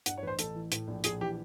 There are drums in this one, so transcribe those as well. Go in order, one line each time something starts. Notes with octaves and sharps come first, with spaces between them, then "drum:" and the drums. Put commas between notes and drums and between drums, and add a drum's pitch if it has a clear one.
G2 F#5, drum: hi-hat
C#5
A1 B4
C5
A1 A4, drum: hi-hat
E3
A2, drum: hi-hat
A#1
A#1 G#4, drum: hi-hat
E3 G4